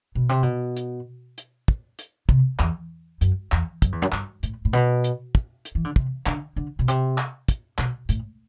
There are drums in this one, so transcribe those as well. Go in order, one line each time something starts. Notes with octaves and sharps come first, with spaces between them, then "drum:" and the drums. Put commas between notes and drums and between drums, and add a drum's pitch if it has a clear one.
B2
C3
B2
drum: hi-hat
drum: hi-hat
drum: kick
drum: hi-hat
C3, drum: kick
E2, drum: clap
F#2, drum: hi-hat
E2, drum: clap
F#2, drum: kick, hi-hat
E2
F#2
G2, drum: clap
A2, drum: hi-hat
A2
B2
drum: hi-hat
drum: kick
drum: hi-hat
E3
D3
C3, drum: kick
D3, drum: clap
D3
B2
C3, drum: hi-hat
drum: clap
drum: kick, hi-hat
B2, drum: clap
A2, drum: hi-hat